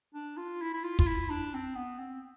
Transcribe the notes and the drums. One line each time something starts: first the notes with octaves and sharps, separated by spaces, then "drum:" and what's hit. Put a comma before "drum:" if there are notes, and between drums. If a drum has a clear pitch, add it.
D4
F4
E4
E4
F4
F4, drum: kick
E4
D4
C4
B3
C4